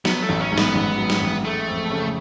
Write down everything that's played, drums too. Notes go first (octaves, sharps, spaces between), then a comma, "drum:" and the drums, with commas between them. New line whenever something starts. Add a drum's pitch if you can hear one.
F#3 B3, drum: snare
A3
A1
C#4
G#2
B3, drum: snare
A1
F#3
drum: snare
A1
G#3 A3
F2
C#3